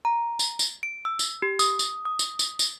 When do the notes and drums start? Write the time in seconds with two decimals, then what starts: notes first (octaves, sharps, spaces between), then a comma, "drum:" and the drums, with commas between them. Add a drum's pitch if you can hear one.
0.05 A#5
0.39 drum: tambourine
0.59 drum: tambourine
0.83 D7
1.05 E6
1.19 drum: tambourine
1.42 G4
1.59 D#6, drum: tambourine
1.79 drum: tambourine
2.05 D#6
2.19 drum: tambourine
2.39 drum: tambourine
2.59 drum: tambourine